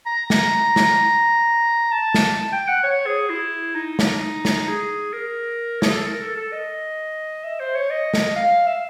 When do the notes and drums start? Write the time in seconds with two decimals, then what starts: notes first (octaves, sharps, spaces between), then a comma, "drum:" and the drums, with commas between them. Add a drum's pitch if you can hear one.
0.06 A#5
0.30 drum: snare
0.76 drum: snare
1.92 A5
2.14 drum: snare
2.53 G5
2.68 F#5
2.83 C#5
3.07 G#4
3.30 E4
3.75 D#4
3.99 drum: snare
4.45 drum: snare
4.68 G#4
5.13 A#4
5.82 G#4, drum: snare
5.93 A4
6.06 A#4
6.21 A4
6.37 A4
6.53 D#5
7.44 E5
7.60 C5
7.76 C#5
7.90 D#5
8.14 drum: snare
8.36 F5
8.67 E5